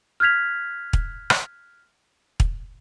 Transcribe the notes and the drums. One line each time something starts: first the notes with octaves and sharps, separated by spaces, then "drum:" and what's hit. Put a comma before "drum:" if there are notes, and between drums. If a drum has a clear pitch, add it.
F6 F#6 G#6 B6 F7
drum: kick
drum: rim click
drum: kick